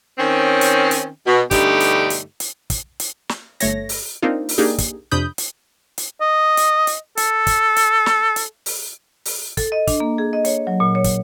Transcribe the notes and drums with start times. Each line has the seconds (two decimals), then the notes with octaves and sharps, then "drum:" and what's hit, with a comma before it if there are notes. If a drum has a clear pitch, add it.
0.18 D#3 C4 C#4
0.61 drum: hi-hat
0.91 drum: hi-hat
1.26 B2
1.51 G2 B2 D3 A3 D#4 G4, drum: kick, hi-hat
1.80 drum: hi-hat
2.10 drum: hi-hat
2.40 drum: hi-hat
2.70 drum: kick, hi-hat
3.00 drum: hi-hat
3.29 drum: snare
3.60 G1 A3 C#5 A#6, drum: hi-hat
3.89 drum: open hi-hat
4.22 A#3 C4 D4 D#4 F4
4.49 drum: open hi-hat
4.58 A#3 D4 D#4 G4 G#4
4.78 drum: kick, hi-hat
5.12 F2 C3 D4 B5 D#6 G6
5.38 drum: hi-hat
5.98 drum: hi-hat
6.21 D#5
6.57 drum: hi-hat
6.87 drum: hi-hat
7.17 A4, drum: hi-hat
7.47 drum: kick, hi-hat
7.76 drum: hi-hat
8.06 drum: snare
8.36 drum: hi-hat
8.66 drum: open hi-hat
9.25 drum: open hi-hat
9.57 A4, drum: kick, hi-hat
9.72 D#5
9.87 D4, drum: kick, hi-hat
10.00 A#3
10.18 G#4
10.33 D#5
10.45 C#5, drum: hi-hat
10.67 F#3
10.80 A#2
10.95 C#5
11.04 drum: kick, hi-hat